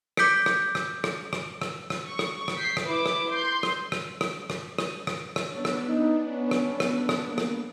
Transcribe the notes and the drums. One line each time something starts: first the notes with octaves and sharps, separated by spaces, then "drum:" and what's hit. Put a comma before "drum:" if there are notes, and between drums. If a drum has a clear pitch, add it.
D6 G6 B6 C#7 D7, drum: rim click
drum: rim click
drum: rim click
drum: rim click
drum: rim click
drum: rim click
drum: rim click
C#6
drum: rim click
drum: rim click
G6 B6 C7
drum: rim click
E4 B4 D6
drum: rim click
C6 G6
drum: rim click
drum: rim click
drum: rim click
drum: rim click
drum: rim click
drum: rim click
drum: rim click
B3 D4 C#5
drum: rim click
D#4
C#4
drum: rim click
drum: rim click
drum: rim click
A#3
drum: rim click